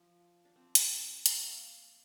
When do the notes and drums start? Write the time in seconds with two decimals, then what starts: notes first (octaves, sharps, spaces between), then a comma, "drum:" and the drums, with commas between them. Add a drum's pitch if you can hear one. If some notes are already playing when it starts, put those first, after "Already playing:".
Already playing: F3
0.45 D4
0.56 C4
0.75 drum: hi-hat
1.26 A#3, drum: hi-hat